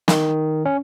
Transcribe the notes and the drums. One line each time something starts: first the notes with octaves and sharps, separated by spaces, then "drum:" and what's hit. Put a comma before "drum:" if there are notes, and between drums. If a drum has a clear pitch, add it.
D#3, drum: snare
C#4